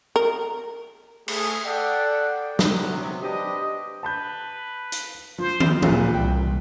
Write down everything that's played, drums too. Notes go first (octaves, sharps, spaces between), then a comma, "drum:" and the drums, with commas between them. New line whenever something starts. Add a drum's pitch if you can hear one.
A#4
A3 G#4, drum: cymbal
A4 D5 F#5 G5
C3 F#3 B3, drum: snare
D4 G4 B4 C5 D#5
B4 A5 B5 G6
drum: hi-hat
F3 C5
drum: tom
D1 A#2 B4, drum: tom
C2 G5